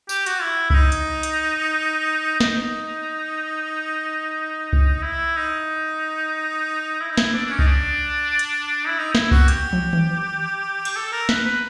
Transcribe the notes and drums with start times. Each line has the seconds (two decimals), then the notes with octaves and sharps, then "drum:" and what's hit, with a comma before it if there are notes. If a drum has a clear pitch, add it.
0.09 G4, drum: tambourine
0.26 F#4, drum: hi-hat
0.42 E4
0.70 E4, drum: kick C2
0.75 D#4
0.92 drum: hi-hat
1.23 drum: hi-hat
2.40 D#4, drum: snare
4.73 drum: kick C2
5.03 E4
5.37 D#4
7.01 E4
7.11 D#4
7.18 E4, drum: snare
7.33 D4
7.46 D4
7.50 C#4
7.59 D#4, drum: kick C2
7.67 D4
8.39 drum: hi-hat
8.88 E4
8.99 D#4
9.15 E4, drum: snare
9.31 F#4, drum: kick C2
9.48 G4, drum: hi-hat
9.73 drum: tom
9.93 drum: tom D#3
10.85 drum: cymbal
10.96 A4
11.13 A#4
11.29 B4, drum: snare
11.45 B4